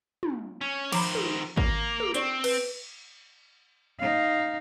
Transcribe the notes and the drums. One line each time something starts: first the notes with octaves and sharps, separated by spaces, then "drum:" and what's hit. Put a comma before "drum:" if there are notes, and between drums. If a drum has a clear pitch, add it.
drum: tom
C#4
D#3 F3 C5 A#5 B5, drum: cymbal
drum: tom
A#3, drum: kick G#1
drum: tom
C4 C5 D5 C#6, drum: hi-hat
B4, drum: cymbal
D#4 F5